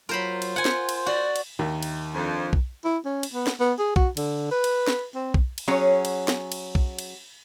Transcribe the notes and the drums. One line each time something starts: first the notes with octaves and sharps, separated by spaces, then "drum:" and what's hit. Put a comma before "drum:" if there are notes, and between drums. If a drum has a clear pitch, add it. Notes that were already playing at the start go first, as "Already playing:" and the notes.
F#3 F4 A#4 C5 B5
drum: cymbal
C5 F#5 G#5
drum: snare
drum: cymbal
F#4 D5
drum: cymbal
D#2 D#3 E5
drum: cymbal
F2 F3 C4 D4
drum: kick B1
E4
C#4
drum: cymbal
B3
drum: snare
B3
G#4
F#4, drum: kick B1
D3, drum: cymbal
B4
drum: cymbal
drum: snare
C4
drum: kick B1
drum: cymbal
F#3 C#4 G#4 C#5
drum: cymbal
drum: snare
drum: cymbal
drum: kick B1
drum: cymbal